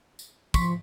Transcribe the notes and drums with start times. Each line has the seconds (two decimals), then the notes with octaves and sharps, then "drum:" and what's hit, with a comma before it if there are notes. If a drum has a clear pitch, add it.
0.19 drum: tambourine
0.54 F3 C6 C#6 B6, drum: kick, tambourine